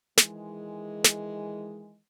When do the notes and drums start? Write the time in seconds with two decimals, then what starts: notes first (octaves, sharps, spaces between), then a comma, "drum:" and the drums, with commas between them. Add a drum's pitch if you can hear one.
0.18 D#3 E3 G#3, drum: snare
1.04 drum: snare